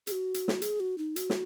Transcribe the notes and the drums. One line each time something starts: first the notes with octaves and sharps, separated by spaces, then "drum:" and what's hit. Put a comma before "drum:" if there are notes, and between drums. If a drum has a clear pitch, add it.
G#4, drum: hi-hat
F#4
drum: hi-hat
drum: snare
G#4, drum: hi-hat
F#4
D#4
F#4, drum: hi-hat
drum: snare